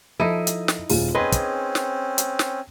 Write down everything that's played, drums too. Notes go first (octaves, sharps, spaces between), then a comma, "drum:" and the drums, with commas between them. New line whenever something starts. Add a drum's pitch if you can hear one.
F3 D#4 E4 A4 D#7
drum: hi-hat
drum: snare
D#1 F4 G#4, drum: open hi-hat
C4 C#4 G#4 B4 D#5 C6 G#6
drum: kick, hi-hat
drum: snare
drum: hi-hat
drum: snare